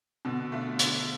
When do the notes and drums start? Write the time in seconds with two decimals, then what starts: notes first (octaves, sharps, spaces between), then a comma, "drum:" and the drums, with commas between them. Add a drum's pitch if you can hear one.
0.25 B2 D3
0.52 A3 D4 F4
0.79 D3, drum: hi-hat